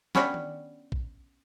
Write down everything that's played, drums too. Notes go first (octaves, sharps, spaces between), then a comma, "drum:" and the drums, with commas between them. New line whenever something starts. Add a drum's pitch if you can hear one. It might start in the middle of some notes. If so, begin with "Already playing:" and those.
B3 C#4 D4 E4 F#4 G4, drum: snare
drum: tom D#3
drum: kick